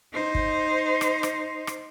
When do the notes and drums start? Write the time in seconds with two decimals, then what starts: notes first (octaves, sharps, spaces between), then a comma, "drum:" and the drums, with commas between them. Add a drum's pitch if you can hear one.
0.13 D#4 C5
0.35 drum: kick
1.01 drum: rim click
1.23 drum: rim click
1.67 drum: rim click